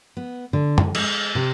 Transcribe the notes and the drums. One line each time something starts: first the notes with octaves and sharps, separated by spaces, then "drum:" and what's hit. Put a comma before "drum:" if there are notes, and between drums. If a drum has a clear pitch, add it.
B3
D3
drum: tom F#2
G#3, drum: cymbal
C3